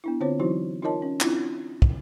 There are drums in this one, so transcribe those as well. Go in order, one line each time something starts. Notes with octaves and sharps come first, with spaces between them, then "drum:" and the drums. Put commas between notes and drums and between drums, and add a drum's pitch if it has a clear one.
B3 D4 E4
D3 C4 F4 C5 C#5
E3 F#3 D#4 E4 F#4 C5
D#4 F4 A#4 C#5 D#5 A5
C#4
C4 D4 E4 F4, drum: clap
drum: kick